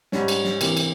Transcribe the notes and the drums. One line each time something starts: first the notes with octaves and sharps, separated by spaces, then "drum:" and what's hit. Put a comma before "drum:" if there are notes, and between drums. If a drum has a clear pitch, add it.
G#2 G3 C#4, drum: snare
drum: cymbal
drum: snare
C3 E3 A#3, drum: cymbal
drum: cymbal